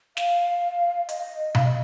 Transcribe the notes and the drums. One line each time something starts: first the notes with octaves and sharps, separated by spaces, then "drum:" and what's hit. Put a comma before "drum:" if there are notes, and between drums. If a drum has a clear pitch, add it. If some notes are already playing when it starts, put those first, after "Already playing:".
F5, drum: snare
D#5, drum: hi-hat
F5, drum: tom B2
D#5